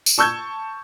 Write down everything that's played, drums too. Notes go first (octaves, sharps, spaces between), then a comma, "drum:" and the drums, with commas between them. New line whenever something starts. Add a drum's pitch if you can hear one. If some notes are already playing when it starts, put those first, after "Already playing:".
drum: tambourine
A5 C#6 E6 G6 G#6